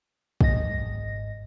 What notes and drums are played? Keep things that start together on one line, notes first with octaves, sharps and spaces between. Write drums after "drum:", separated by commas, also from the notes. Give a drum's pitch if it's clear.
G#1 G#2 D#5 A#6, drum: kick